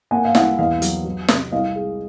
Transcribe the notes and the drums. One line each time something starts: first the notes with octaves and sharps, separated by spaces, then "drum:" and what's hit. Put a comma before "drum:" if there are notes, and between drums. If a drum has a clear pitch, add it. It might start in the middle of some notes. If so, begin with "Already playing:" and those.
A#3 F#5 G#5
F5
C2 E5 F#5, drum: snare
E2 D#5 F5
F#3, drum: hi-hat
F#3
C3, drum: snare
C2 D#5 F5
G#3